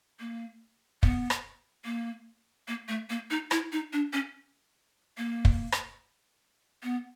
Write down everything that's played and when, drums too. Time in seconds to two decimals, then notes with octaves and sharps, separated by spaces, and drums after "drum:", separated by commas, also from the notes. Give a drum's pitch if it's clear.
0.20 A#3
1.03 B3, drum: kick
1.30 drum: rim click
1.85 A#3
2.68 A#3
2.88 A3
3.10 A#3
3.30 D#4
3.51 E4, drum: rim click
3.72 D#4
3.93 D4
4.13 C#4
5.18 A#3
5.45 drum: kick
5.72 drum: rim click
6.83 B3